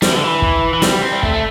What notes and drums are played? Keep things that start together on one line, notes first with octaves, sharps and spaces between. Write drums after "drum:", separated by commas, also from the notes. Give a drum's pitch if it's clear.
G3, drum: snare
E3
D3
E3
drum: kick
E3
G3, drum: snare
C4
G3
A3, drum: kick
A3